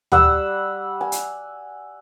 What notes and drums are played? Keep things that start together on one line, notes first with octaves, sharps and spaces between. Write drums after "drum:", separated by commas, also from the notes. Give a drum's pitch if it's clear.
G3 F#5 E6, drum: tom
G#5
drum: hi-hat